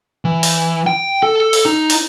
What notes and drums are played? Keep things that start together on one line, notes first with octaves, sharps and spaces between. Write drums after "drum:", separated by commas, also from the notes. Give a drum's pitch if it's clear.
E3
drum: open hi-hat
G5
A4
drum: open hi-hat
D#4
drum: open hi-hat